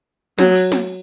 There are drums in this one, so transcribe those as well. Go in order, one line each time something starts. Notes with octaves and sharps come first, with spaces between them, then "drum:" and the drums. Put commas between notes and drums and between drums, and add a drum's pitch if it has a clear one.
F#3, drum: snare
drum: cymbal
drum: snare